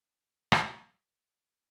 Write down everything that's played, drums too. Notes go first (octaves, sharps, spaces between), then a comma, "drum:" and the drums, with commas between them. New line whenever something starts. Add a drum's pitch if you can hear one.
F#3
E3
drum: rim click